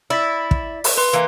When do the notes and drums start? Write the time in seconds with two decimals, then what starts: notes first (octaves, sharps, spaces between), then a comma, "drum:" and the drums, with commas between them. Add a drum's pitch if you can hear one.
0.10 E4 D5 A6 B6
0.51 drum: kick
0.84 drum: open hi-hat
0.97 B4 C6
1.13 E3 A#3